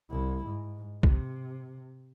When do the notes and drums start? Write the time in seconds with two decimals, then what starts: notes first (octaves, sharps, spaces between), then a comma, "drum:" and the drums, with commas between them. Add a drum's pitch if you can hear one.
0.10 C2 E4
0.46 G#2
1.03 C3, drum: kick